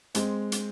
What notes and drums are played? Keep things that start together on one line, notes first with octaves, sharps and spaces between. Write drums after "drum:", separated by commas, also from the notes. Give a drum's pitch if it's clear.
G#3 C4, drum: hi-hat
drum: hi-hat